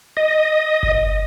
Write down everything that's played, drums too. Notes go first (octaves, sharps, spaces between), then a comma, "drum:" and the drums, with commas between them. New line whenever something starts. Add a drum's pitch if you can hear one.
D#5
drum: kick G1